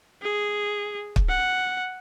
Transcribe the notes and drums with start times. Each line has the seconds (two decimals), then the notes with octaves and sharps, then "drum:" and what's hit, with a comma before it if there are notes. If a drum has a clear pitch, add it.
0.22 G#4
1.16 drum: kick
1.28 F#5